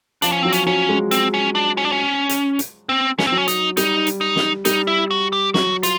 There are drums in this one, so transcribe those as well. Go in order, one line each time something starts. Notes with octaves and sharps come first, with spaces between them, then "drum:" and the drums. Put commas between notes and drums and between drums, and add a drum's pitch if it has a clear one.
F3 D4, drum: hi-hat
C#4
F#3 C4
C#4, drum: hi-hat
F#3 C#4
G#3
C4, drum: hi-hat
C#4
D4
C#4
D4
C#4
drum: hi-hat
drum: hi-hat
C4
C#4, drum: snare
C4
F#3
C#4
D#4, drum: hi-hat
G3 D#4, drum: hi-hat
drum: hi-hat
D#4
drum: snare
G3 D#4, drum: hi-hat
E4
F#4
G4
F#3 F#4, drum: snare
F4, drum: hi-hat